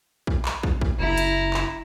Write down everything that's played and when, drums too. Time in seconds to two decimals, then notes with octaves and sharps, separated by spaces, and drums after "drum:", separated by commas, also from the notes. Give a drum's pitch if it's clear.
0.27 drum: kick
0.45 drum: clap
0.63 drum: kick
0.81 drum: kick
0.99 F#1 E4 A#5
1.18 drum: hi-hat
1.54 drum: clap